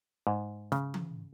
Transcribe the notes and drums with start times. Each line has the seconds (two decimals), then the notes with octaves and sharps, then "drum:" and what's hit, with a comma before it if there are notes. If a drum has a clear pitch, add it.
0.27 G#2
0.72 C#3, drum: snare
0.94 drum: tom E3